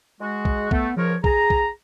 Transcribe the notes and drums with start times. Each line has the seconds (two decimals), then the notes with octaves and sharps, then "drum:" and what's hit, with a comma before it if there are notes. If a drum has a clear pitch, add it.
0.21 G#3 F#4
0.45 drum: kick B1
0.71 A3 B3, drum: kick B1
0.97 C#2 F3 A#4 C#5
1.24 G#4 A#5, drum: kick B1
1.50 drum: kick B1